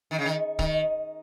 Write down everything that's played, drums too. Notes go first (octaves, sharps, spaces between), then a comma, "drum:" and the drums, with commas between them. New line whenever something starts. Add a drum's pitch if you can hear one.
D#3
C#3
D#3
D#3, drum: kick